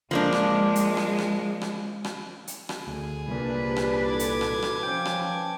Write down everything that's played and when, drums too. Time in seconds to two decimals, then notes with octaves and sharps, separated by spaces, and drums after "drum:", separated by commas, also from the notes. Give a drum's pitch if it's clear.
0.11 F3 G#3 A#3 D4
0.32 drum: rim click
0.75 drum: hi-hat
0.97 drum: rim click
1.18 drum: rim click
1.61 drum: rim click
2.04 drum: rim click
2.47 drum: hi-hat
2.69 drum: rim click
2.87 D2 G#4
3.27 C2 A#2 D4 B4
3.62 G4 C5
3.76 drum: rim click
4.07 E4 F#4 A4 D6 G#6
4.19 drum: hi-hat
4.41 drum: rim click
4.62 drum: rim click
4.83 F3 C#4 C5 F5 G5
5.05 drum: rim click
5.22 B4 A5